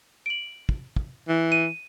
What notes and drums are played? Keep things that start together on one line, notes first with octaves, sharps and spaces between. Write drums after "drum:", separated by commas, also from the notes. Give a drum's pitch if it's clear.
D7 F#7
drum: kick
drum: kick
E3
D#7